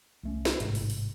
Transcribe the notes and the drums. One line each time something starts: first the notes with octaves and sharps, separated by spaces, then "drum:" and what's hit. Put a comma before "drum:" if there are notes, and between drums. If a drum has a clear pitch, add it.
C2 A3 C#4
drum: snare
A1 G#2 C3, drum: hi-hat
drum: open hi-hat
drum: open hi-hat